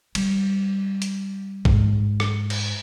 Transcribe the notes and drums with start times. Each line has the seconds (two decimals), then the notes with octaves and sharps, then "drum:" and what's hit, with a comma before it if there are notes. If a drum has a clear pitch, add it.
0.15 G3, drum: cymbal
1.02 drum: hi-hat
1.65 G#2, drum: kick A1
2.20 drum: rim click
2.50 drum: cymbal